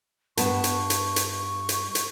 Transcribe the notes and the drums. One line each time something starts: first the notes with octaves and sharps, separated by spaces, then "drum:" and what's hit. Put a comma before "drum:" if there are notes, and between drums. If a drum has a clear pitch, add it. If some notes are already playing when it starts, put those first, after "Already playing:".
G2 B3 A5 C#6, drum: hi-hat
drum: hi-hat
drum: hi-hat
drum: hi-hat
drum: hi-hat
drum: hi-hat